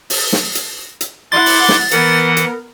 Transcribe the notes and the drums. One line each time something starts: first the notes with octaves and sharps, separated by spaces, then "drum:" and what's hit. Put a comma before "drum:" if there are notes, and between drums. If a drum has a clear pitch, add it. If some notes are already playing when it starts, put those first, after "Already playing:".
drum: open hi-hat
drum: snare
drum: hi-hat
drum: hi-hat
E4 F#5 C6 D6 A6
drum: open hi-hat
drum: snare
E3 B3 A#4 F#5, drum: hi-hat
drum: hi-hat